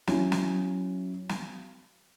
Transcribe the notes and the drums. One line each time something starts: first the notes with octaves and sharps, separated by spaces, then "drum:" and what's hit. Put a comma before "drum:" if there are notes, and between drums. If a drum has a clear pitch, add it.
F#3 C#4 E4, drum: snare
drum: snare
drum: snare